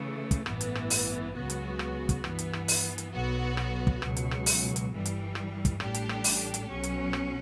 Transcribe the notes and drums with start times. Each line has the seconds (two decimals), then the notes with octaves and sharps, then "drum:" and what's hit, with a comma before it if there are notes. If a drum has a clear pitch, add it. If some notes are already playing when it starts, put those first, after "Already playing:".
Already playing: C#3 E3 A3
0.31 drum: kick, hi-hat
0.46 A1 G2 E3 B3, drum: rim click
0.61 drum: hi-hat
0.75 drum: rim click
0.90 drum: open hi-hat
1.35 C#2 C#3 F#3 B3 F#4
1.50 drum: hi-hat
1.79 drum: rim click
2.09 drum: kick, hi-hat
2.24 G2 E3 B3, drum: rim click
2.39 drum: hi-hat
2.53 drum: rim click
2.68 drum: open hi-hat
2.98 drum: hi-hat
3.13 B1 B2 F#3 B3 F#4
3.57 drum: rim click
3.87 drum: kick
4.02 C#2 B2 F#3, drum: rim click
4.17 drum: hi-hat
4.31 drum: rim click
4.46 drum: open hi-hat
4.76 drum: hi-hat
4.91 G1 G2 E3 G3
5.05 drum: hi-hat
5.35 drum: rim click
5.65 drum: kick, hi-hat
5.80 A1 A2 G3 D4 G4, drum: rim click
5.94 drum: hi-hat
6.09 drum: rim click
6.24 drum: open hi-hat
6.54 drum: hi-hat
6.68 B1 B2 F#3 C#4
6.83 drum: hi-hat
7.13 drum: rim click